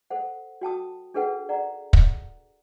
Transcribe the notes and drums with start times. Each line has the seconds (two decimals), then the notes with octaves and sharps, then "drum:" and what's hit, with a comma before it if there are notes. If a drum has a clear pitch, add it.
0.10 A4 C5 F#5
0.61 F#4 G5 A5 D#6
1.14 D4 G#4 A4 B4 F#5 G5
1.49 D5 F#5 A#5
1.93 drum: kick